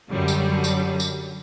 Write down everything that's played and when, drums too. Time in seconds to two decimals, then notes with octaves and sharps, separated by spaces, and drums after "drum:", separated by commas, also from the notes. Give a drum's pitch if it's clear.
0.10 F#2 D3 F#3 G3
0.28 drum: tambourine
0.64 drum: tambourine
1.00 drum: tambourine